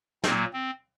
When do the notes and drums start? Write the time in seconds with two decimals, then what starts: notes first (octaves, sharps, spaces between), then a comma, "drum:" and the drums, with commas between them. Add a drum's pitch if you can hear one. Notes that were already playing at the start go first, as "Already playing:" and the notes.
0.24 A#2 F#3 A#3 C4 D#4, drum: snare
0.53 C4